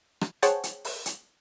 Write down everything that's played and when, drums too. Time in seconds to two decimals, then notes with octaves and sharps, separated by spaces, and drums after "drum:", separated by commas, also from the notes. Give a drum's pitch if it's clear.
0.21 drum: rim click
0.42 G#4 C5 C#5 F#5 G5 A5, drum: hi-hat
0.63 drum: hi-hat
0.85 drum: open hi-hat
1.06 drum: hi-hat